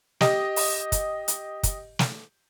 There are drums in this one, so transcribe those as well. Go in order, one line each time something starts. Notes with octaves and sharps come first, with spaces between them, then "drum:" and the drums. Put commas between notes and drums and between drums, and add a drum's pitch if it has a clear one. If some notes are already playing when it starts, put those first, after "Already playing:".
G4 D#5, drum: snare
drum: open hi-hat
drum: kick, hi-hat
drum: hi-hat
drum: kick, hi-hat
drum: snare